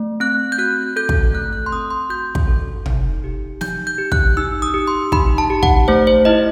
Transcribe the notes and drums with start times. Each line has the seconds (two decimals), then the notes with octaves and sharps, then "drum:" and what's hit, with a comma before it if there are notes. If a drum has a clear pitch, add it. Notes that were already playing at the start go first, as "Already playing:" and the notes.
Already playing: A3
0.20 C4 F#6
0.52 G6
0.58 F#4 F#6
0.96 A4 G6
1.09 drum: kick
1.34 A3 F#6
1.53 F#6
1.66 C6
1.72 C4 D#6
1.90 C6
2.10 F#4 G6
2.35 drum: kick
2.47 A4
2.86 D#4, drum: tom
3.24 G4
3.61 D#4 G6, drum: snare
3.87 G6
3.98 G4
4.12 F#6, drum: kick
4.37 D#4 E6
4.62 D#6
4.74 G4
4.88 C6
5.12 D#4 B5, drum: kick
5.38 A5
5.50 G4
5.63 F#5, drum: kick
5.88 A3 C5
6.07 C5
6.25 E4 D#5